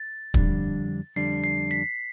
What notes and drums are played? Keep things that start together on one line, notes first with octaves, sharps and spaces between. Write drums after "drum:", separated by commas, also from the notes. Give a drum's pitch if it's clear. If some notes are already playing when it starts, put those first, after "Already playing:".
Already playing: A6
F2 D3 G3 D4, drum: kick
F2 D3 G3 D4 C7
C7
B6